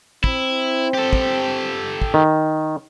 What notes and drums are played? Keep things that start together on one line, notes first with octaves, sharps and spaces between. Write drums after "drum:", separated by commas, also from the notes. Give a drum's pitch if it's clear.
C4 E4, drum: kick
G4 A4
drum: kick
drum: kick
D#3